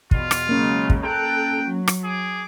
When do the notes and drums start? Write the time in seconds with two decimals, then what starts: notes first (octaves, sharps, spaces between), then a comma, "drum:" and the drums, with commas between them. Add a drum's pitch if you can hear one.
0.11 E2 B2 F4, drum: kick
0.31 drum: rim click
0.49 C#3 F#3 G#3 A#3 C#4
0.90 drum: kick
1.04 A4 G5 A#5 F#6
1.62 F#3
1.88 drum: rim click
2.03 G#4 D6